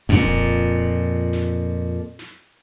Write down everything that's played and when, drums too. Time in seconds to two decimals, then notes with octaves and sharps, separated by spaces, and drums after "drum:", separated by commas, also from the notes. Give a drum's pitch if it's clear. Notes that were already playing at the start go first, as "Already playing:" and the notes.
0.09 F2 A#2, drum: hi-hat
0.23 drum: kick D1
1.33 drum: snare
2.19 drum: snare